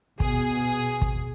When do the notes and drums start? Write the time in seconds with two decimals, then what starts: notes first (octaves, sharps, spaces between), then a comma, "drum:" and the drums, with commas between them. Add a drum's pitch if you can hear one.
0.20 B2 G#4, drum: kick
1.02 drum: kick